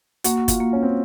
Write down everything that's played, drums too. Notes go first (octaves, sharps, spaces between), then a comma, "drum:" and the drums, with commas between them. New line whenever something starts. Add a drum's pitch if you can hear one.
A#3 F#4, drum: hi-hat
F4, drum: kick F#1, hi-hat
A#3
C#4
C4